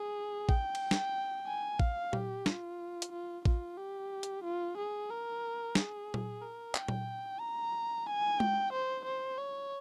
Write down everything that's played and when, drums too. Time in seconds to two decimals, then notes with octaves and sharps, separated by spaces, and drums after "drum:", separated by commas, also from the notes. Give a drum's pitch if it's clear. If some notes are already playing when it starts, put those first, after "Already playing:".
Already playing: G#4
0.49 G5, drum: kick A1
0.75 drum: cymbal
0.91 drum: snare
1.47 G#5
1.80 F5, drum: kick A1
2.13 G4, drum: tom A#2
2.46 F4, drum: snare
3.02 drum: hi-hat
3.12 F4
3.45 F4, drum: kick A1
3.78 G4
4.23 drum: hi-hat
4.44 F4
4.77 G#4
5.10 A#4
5.75 G#4, drum: snare
6.14 drum: tom A#2
6.42 A#4
6.75 G5, drum: clap
6.88 drum: tom A#2
7.40 A#5
8.06 G#5
8.40 G5, drum: tom G#3
8.73 C5
9.05 C5
9.38 C#5